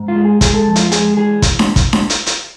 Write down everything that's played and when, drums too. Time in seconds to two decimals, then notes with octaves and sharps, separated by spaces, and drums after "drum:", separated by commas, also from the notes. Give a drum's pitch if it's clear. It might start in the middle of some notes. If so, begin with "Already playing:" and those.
Already playing: G#2
0.08 F4
0.16 G#3
0.25 G#4
0.41 G#3 G#4, drum: kick, hi-hat
0.54 A4
0.67 F2
0.76 E4, drum: hi-hat
0.79 F4
0.92 G#3 G#4, drum: hi-hat
1.17 E3 G#4
1.42 drum: kick, hi-hat
1.59 drum: snare D4
1.76 drum: kick, hi-hat
1.93 drum: snare D4
2.10 drum: hi-hat
2.26 drum: hi-hat